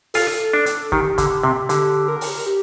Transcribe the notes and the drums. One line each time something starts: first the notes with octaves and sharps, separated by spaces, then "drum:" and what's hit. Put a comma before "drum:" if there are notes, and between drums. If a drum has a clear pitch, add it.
F4 A4, drum: open hi-hat
D4
drum: hi-hat
D#3 G4, drum: kick
D3, drum: kick, hi-hat
C3
D3 G4, drum: hi-hat
A#4
drum: open hi-hat
G4